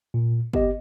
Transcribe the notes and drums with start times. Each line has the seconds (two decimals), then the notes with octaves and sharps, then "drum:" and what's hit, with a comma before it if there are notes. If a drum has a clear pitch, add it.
0.14 A#2
0.53 B3 G4 D#5, drum: kick